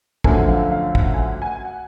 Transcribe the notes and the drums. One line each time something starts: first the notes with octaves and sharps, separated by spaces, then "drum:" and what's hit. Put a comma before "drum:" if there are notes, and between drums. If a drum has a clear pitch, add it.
F#2 D3 F3 A3 G#5, drum: kick
F5
F5
F#5, drum: kick
G#5
F#5
F#5
G#5
F#5